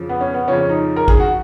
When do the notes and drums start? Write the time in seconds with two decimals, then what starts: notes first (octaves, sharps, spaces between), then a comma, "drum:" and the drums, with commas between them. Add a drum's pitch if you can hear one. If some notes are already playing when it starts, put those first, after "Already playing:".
Already playing: F2 C#3 F3
0.09 B3
0.21 C#4
0.34 B3
0.48 F2 C#3 F3 C#4
0.61 C#4
0.69 D#4
0.97 A#4
1.08 G#4, drum: kick A1
1.20 F#4